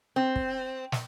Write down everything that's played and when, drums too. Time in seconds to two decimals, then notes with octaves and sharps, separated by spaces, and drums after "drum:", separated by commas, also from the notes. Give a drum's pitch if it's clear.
0.16 C4
0.36 drum: kick
0.92 drum: snare